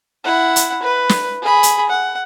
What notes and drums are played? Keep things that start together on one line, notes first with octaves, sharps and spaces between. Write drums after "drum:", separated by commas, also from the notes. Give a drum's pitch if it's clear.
E4 F#5
drum: hi-hat
B4
drum: snare
G#4 B5
drum: hi-hat
F#5